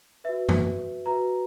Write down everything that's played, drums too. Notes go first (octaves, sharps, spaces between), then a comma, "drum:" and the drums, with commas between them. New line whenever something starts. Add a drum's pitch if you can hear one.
F#4 B4 E5
drum: tom F#2
F#4 B4 A#5